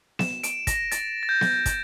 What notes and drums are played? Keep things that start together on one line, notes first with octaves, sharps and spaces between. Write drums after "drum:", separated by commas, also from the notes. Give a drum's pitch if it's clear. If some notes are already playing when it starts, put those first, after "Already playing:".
E7, drum: snare B3
D7, drum: hi-hat
A#6, drum: kick, hi-hat
A6, drum: hi-hat
A6
G6
drum: snare B3
drum: kick, hi-hat